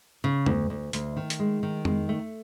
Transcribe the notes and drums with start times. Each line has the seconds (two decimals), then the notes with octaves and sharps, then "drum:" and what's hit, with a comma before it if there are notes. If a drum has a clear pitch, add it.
0.24 C#3
0.46 D2, drum: tom
0.70 D2
0.93 D2, drum: hi-hat
1.17 D#3
1.30 drum: hi-hat
1.39 G#3
1.63 D#3
1.85 G#3, drum: tom
2.09 A3